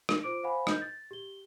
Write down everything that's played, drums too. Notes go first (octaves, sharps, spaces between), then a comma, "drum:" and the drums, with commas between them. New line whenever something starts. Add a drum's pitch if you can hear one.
drum: rim click
F4 C5 D6 D7
C5 F5 F#5 G#5 B5
D#5 G6, drum: rim click
A6
G4 G7